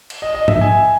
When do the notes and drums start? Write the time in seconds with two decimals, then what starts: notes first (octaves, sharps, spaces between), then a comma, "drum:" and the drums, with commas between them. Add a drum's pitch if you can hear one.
0.10 drum: cymbal
0.22 D#5
0.34 D#5
0.48 E5, drum: tom
0.61 G#5